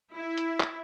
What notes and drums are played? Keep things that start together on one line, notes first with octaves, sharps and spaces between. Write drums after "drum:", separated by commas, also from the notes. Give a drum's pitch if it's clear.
E4
drum: hi-hat
drum: clap